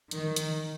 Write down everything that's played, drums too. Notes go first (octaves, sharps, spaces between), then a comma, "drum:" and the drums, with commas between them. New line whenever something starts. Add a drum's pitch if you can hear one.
D#3, drum: hi-hat
drum: hi-hat